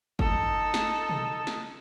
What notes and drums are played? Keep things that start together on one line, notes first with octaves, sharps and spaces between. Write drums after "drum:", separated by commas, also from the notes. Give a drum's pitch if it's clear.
D#4 A4, drum: kick G1
drum: snare
drum: tom B2
drum: snare